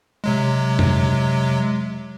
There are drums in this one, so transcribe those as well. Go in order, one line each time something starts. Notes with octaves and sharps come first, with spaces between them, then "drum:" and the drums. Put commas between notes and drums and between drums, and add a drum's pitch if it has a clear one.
C3 F#3 G#3
drum: tom F2